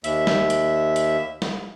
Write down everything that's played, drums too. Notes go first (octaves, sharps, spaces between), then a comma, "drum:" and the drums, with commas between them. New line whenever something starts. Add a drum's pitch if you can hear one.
D#2 E5, drum: hi-hat
drum: snare
drum: hi-hat
drum: hi-hat
drum: snare